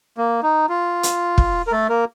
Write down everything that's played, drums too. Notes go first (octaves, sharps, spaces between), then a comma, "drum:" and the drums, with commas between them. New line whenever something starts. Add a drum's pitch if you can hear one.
A#3
D#4
F4
drum: hi-hat
drum: kick
A#4
A3 A4
A#3 A#4